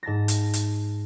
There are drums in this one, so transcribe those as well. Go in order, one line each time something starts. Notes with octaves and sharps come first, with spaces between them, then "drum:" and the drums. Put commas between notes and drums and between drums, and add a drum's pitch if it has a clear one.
G#2 A5 A6 A#6
drum: hi-hat
drum: hi-hat